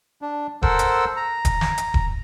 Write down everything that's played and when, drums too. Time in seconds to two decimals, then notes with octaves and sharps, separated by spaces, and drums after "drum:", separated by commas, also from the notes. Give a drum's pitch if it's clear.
0.22 D4
0.63 A4 A#4 C5 F#5 E6, drum: kick D#1
0.79 drum: hi-hat
1.16 A#5
1.45 drum: kick D#1, hi-hat
1.61 drum: snare
1.78 drum: hi-hat
1.94 drum: kick D#1